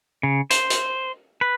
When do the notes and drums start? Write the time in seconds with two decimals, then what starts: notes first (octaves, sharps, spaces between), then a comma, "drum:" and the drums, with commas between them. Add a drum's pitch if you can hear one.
0.23 C#3
0.50 C5, drum: hi-hat
0.70 drum: hi-hat
1.41 B4